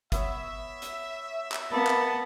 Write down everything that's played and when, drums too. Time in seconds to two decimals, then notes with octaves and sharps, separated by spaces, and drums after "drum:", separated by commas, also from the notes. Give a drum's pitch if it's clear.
0.12 B3 C#5 E5, drum: kick G1, hi-hat
0.82 drum: hi-hat
1.52 drum: clap
1.72 A#3 B3 D5 A5 B5
1.87 drum: clap